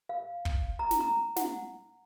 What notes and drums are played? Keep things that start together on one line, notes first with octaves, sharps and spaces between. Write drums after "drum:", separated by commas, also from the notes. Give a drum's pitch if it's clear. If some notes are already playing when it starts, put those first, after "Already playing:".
F5
drum: kick
A#5
drum: snare
A#5
F#5, drum: snare